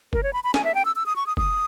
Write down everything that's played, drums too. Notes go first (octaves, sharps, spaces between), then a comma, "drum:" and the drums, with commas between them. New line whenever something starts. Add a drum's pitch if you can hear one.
A#4, drum: kick
C#5
B5
B5
G#5, drum: snare
E5
G5
E6
E6
D#6
C#6
D#6
D#6, drum: kick